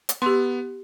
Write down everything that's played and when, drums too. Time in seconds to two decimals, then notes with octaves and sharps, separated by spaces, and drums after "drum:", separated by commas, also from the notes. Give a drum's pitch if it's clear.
0.09 drum: hi-hat
0.22 B3 G4 C6